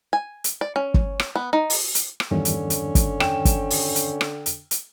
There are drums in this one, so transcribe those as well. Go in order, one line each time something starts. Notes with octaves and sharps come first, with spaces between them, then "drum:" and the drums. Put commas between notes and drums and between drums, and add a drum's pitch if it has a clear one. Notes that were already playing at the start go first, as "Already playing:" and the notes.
G#5
drum: hi-hat
D5
C#4
drum: kick
drum: rim click
B3
D#4
drum: open hi-hat
drum: hi-hat
drum: rim click
E2 G2 D3 D#3 C#4
drum: hi-hat
drum: hi-hat
drum: kick, hi-hat
G5 E7, drum: rim click
drum: kick, hi-hat
drum: open hi-hat
drum: hi-hat
drum: rim click
drum: hi-hat
drum: hi-hat